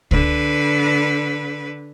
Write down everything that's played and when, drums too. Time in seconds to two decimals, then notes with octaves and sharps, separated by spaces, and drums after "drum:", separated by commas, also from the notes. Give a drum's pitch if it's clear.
0.11 D3 B4, drum: kick C#2